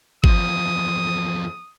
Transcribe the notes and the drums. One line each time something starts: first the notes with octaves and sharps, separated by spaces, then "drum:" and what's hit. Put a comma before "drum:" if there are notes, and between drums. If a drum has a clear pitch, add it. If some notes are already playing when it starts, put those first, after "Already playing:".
E2 F3 D#6, drum: kick